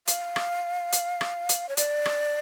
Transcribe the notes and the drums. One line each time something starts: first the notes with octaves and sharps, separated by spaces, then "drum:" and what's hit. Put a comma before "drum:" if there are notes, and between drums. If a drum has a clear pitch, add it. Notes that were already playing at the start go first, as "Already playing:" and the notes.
F5, drum: hi-hat
drum: rim click
drum: hi-hat
drum: rim click
drum: hi-hat
C#5
D5, drum: hi-hat
drum: rim click